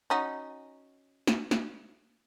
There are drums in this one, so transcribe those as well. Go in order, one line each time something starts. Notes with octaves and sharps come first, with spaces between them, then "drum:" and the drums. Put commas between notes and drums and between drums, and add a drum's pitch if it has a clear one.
C#4 D#4 F#4
drum: snare
drum: snare